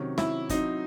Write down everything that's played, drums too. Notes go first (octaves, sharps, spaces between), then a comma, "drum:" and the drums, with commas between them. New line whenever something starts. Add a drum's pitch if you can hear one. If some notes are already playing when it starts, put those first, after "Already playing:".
Already playing: C3 D#3 F#3 C#4
E4, drum: snare
F#3 C4 D#4 E4 C5, drum: kick G1, hi-hat